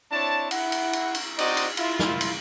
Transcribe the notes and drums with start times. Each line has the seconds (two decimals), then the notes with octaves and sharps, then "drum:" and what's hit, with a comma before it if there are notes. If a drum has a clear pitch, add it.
0.11 C4 D4 E4 C#5 A5
0.51 E4 F#5, drum: cymbal
0.72 drum: cymbal
0.93 drum: cymbal
1.14 drum: cymbal
1.38 C4 D#4 F#4 C5 D5 D#5, drum: cymbal
1.57 drum: cymbal
1.77 E4 F4, drum: cymbal
1.99 drum: snare
2.21 drum: cymbal